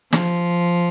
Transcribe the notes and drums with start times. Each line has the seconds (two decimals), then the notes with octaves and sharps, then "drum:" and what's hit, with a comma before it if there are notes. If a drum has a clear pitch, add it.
0.13 F3, drum: snare